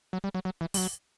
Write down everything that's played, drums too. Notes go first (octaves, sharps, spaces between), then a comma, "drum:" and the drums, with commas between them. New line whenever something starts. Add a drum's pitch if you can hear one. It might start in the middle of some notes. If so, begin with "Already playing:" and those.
F#3
G3
F#3
F#3
E3
G3, drum: open hi-hat
F#3